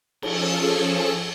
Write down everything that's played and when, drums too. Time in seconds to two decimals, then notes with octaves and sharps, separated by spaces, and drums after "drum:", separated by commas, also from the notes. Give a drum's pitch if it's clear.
0.22 F3 C#4 G#4 A4 E6, drum: cymbal